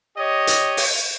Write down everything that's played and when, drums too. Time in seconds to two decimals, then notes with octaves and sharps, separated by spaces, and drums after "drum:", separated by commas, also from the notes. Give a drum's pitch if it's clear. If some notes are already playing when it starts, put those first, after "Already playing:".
0.17 G4 C#5 D#5
0.47 drum: hi-hat
0.77 drum: open hi-hat